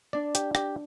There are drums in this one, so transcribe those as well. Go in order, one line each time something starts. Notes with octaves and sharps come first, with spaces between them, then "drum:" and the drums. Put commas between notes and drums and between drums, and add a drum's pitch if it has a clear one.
D4 D5
G4, drum: hi-hat
G4, drum: rim click